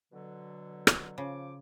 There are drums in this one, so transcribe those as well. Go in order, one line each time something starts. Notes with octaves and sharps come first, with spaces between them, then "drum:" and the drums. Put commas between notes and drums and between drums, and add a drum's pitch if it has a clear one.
B2 D3 F#3
drum: rim click
C#3 F3 D6